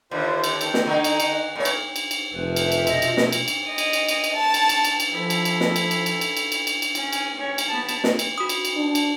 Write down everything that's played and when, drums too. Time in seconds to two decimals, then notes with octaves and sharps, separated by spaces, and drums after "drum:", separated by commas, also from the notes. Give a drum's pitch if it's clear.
0.11 D#2 D3 F4 C5
0.44 drum: cymbal
0.61 A4 G5, drum: cymbal
0.74 drum: snare
0.86 D3 D#4
1.04 drum: cymbal
1.20 drum: cymbal
1.29 F#5
1.56 A#2 A3 B3 C#5
1.65 drum: cymbal
1.96 drum: cymbal
2.11 drum: cymbal
2.33 F1 F3 F4 B4 E5
2.56 drum: cymbal
2.72 drum: cymbal
2.87 B2 D#5, drum: cymbal
3.02 drum: cymbal
3.17 drum: snare
3.32 drum: cymbal
3.48 drum: cymbal
3.69 D#5
3.78 drum: cymbal
3.93 drum: cymbal
4.08 drum: cymbal
4.24 drum: cymbal
4.34 A5
4.54 drum: cymbal
4.69 drum: cymbal
4.85 drum: cymbal
5.00 drum: cymbal
5.12 F3 E4 A4
5.30 drum: cymbal
5.45 drum: cymbal
5.61 drum: snare
5.76 drum: cymbal
5.91 drum: cymbal
6.06 drum: cymbal
6.21 drum: cymbal
6.37 drum: cymbal
6.52 drum: cymbal
6.67 drum: cymbal
6.82 drum: cymbal
6.95 C#4, drum: cymbal
7.13 drum: cymbal
7.35 C#4 C#5
7.58 drum: cymbal
7.69 B3 A5
7.89 drum: cymbal
8.04 drum: snare
8.19 drum: cymbal
8.38 F#4 D#6
8.49 drum: cymbal
8.65 drum: cymbal
8.76 D4
8.95 drum: cymbal